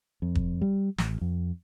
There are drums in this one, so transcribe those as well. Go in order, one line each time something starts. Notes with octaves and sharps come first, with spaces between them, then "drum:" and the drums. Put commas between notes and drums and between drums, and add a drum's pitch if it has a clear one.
F2
drum: kick
G3
A1, drum: snare
F2